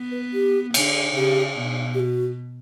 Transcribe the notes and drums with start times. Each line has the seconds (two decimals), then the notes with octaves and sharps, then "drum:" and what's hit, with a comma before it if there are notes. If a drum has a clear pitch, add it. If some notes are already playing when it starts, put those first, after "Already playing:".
Already playing: B3
0.12 B4
0.33 G4
0.74 D3, drum: cymbal
1.16 C#3 G4
1.58 B2
1.94 G4
2.00 F#4